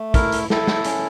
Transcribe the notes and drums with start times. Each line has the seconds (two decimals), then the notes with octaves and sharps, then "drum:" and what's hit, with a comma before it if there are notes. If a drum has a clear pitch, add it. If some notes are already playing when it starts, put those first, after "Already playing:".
Already playing: A3
0.14 E4 A#4, drum: kick, hi-hat
0.32 drum: hi-hat
0.50 E4 A4, drum: snare
0.67 drum: snare
0.84 C#4, drum: hi-hat